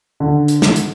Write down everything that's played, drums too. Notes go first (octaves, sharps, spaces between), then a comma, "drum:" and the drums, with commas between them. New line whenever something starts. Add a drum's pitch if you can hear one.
D3
drum: hi-hat
drum: snare
drum: hi-hat